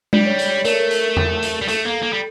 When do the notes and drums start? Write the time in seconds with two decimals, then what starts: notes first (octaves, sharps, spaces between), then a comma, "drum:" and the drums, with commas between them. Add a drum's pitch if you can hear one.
0.13 G3 D5, drum: tom G#3
0.26 C#5
0.39 D5, drum: hi-hat
0.52 C#5
0.65 A3 A#4, drum: hi-hat
0.72 A4
0.80 A#4
0.91 drum: hi-hat
1.17 drum: tom E2
1.43 drum: hi-hat
1.61 G3
1.68 A3 A4, drum: hi-hat
1.86 A#3
2.03 A#3
2.13 G3